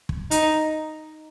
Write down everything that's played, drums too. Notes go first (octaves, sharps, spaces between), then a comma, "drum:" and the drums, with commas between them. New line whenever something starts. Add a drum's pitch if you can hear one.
drum: kick
D#4, drum: hi-hat